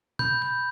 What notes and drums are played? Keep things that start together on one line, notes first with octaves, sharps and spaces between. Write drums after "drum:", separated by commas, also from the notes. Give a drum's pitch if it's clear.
B5 G6, drum: tom
G6